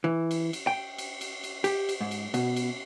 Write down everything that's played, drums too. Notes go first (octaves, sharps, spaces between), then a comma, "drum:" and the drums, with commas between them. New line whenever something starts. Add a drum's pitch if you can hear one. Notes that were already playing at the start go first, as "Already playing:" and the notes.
E3
drum: cymbal
drum: cymbal
G5
drum: cymbal
drum: cymbal
drum: cymbal
G4, drum: cymbal
drum: cymbal
G#2
drum: cymbal
B2, drum: cymbal
drum: cymbal